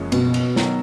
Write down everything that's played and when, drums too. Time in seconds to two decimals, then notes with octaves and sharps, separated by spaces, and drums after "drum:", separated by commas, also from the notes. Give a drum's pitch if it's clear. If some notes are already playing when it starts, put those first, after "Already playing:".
Already playing: F#1 F#2 F3 G#3 C#4
0.12 B2, drum: cymbal
0.34 drum: cymbal
0.56 D#3 F#3, drum: snare